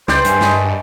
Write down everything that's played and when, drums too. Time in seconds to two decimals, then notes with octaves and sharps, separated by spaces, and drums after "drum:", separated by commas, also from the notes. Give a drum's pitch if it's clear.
0.08 C#2 B4 C5 D5 G5, drum: snare
0.25 G2 A#4 E5 G#5, drum: hi-hat
0.41 C#5 D#5 A5 B5, drum: snare